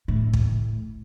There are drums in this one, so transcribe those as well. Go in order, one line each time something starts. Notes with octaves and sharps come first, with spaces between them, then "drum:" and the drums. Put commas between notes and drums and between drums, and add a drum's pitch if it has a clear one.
A2
drum: kick